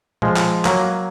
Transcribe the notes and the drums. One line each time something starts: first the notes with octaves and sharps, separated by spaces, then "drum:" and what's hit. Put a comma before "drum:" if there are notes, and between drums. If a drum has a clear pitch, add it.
F3 G#3, drum: tom A#2
drum: clap
F#3 A#3, drum: clap